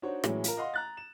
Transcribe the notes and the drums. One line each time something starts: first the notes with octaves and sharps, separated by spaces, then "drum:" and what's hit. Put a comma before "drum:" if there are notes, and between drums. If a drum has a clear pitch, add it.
D4 D#4 F#4 C5 C#5
A2 E3 F#3 G#3 C#4, drum: rim click
F4 A#4, drum: hi-hat
D#5 F5 F#5 C6
A#5 F#6 A6
E7